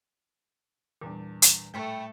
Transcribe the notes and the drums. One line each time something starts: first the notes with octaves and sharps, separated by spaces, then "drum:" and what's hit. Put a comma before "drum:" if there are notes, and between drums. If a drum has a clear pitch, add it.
E2 A#2 G3 D4
drum: hi-hat
A2 A3 A4 G5 B5 C#6